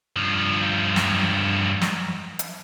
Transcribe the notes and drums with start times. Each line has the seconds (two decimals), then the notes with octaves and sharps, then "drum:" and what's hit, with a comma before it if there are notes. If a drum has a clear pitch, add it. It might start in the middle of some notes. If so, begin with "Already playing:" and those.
0.16 G2 F3
0.96 drum: snare
1.82 drum: snare
2.39 drum: hi-hat